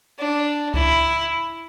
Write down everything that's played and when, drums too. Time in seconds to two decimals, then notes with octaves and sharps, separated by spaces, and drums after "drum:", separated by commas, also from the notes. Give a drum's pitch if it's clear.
0.19 D4
0.74 E4, drum: kick C#2